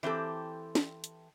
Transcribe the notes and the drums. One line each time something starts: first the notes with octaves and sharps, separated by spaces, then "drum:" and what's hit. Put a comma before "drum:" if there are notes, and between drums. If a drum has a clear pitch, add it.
E3 C4 G4 A4
drum: snare
drum: hi-hat